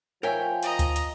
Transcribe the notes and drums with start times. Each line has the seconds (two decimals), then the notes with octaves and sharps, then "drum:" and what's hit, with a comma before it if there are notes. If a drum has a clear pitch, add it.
0.23 F3 A#4 C#5 E5 G5 G#5
0.63 D#5 A#5, drum: hi-hat
0.79 drum: kick D2, hi-hat
0.96 drum: hi-hat